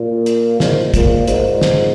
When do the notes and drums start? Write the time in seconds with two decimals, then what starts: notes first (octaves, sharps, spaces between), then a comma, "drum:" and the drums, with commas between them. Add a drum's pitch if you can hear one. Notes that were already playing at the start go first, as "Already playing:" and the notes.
Already playing: A#2
0.26 drum: hi-hat
0.60 G#2, drum: snare
0.94 A#2, drum: kick, hi-hat
1.28 G#2, drum: hi-hat
1.61 drum: snare